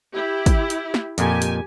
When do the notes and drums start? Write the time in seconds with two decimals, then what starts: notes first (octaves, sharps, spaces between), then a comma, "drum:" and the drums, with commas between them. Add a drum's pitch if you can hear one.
0.12 E4 G4
0.46 drum: kick, hi-hat
0.70 drum: hi-hat
0.94 drum: snare
1.18 F2 A#2 G4 G#5, drum: hi-hat
1.42 drum: hi-hat